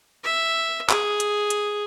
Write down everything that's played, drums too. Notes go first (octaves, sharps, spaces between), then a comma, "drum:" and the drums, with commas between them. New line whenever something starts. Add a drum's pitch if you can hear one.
E5
G#4, drum: clap
drum: hi-hat
drum: hi-hat